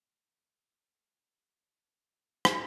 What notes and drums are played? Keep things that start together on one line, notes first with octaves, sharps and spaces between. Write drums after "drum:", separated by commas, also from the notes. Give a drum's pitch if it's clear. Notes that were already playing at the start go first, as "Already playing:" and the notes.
Already playing: A2 F3 A3
D#2 D3 G3 A#5
D2 D3 F3 A3 D4 A#5
A2 G3 D4
A#2 G3 D4 A5
A2 A3 C4 F4 G5
drum: rim click